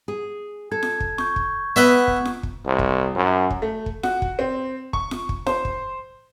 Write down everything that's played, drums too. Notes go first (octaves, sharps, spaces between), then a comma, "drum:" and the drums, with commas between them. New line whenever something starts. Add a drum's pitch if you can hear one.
G#4
A4 G#6
drum: snare F4
drum: kick
C#6 G6, drum: snare F4
drum: kick
B3 B4 D#5 E5
drum: kick
drum: snare F4
drum: kick
C2
drum: kick
F#2
drum: kick
A3
drum: kick
F#4, drum: snare F4
drum: kick
C4
C#6, drum: kick
drum: snare F4
drum: kick
C5, drum: snare F4
drum: kick